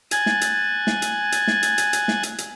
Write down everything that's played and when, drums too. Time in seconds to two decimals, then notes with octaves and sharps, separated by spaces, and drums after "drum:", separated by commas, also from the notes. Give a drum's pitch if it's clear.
0.11 G#5 F#6 G#6 A6, drum: hi-hat
0.26 drum: snare
0.41 drum: hi-hat
0.87 drum: snare
1.02 drum: hi-hat
1.32 drum: hi-hat
1.47 drum: snare
1.63 drum: hi-hat
1.78 drum: hi-hat
1.93 drum: hi-hat
2.08 drum: snare
2.23 drum: hi-hat
2.38 drum: hi-hat